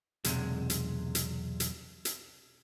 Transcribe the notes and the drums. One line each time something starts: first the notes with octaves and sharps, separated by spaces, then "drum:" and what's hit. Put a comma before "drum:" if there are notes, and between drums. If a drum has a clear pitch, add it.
B1 E2 C3 G#3, drum: hi-hat
drum: hi-hat
drum: hi-hat
drum: hi-hat
drum: hi-hat